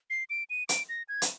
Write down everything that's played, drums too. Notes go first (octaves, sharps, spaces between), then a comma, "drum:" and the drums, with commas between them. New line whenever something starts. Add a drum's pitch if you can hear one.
C7
D7
D#7
D7, drum: hi-hat
A#6
G#6
drum: hi-hat